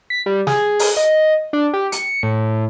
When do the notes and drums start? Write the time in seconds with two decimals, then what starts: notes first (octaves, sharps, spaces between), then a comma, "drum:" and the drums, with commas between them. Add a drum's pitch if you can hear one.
0.10 B6
0.26 G3
0.47 G#4, drum: snare
0.79 drum: open hi-hat
0.97 D#5
1.53 D4
1.74 G4
1.92 C#7, drum: hi-hat
2.23 A2